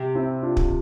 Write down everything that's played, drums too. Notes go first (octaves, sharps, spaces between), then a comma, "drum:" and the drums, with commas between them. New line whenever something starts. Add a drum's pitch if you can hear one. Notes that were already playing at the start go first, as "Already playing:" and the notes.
Already playing: C3
C4 E4
D4 F4
drum: kick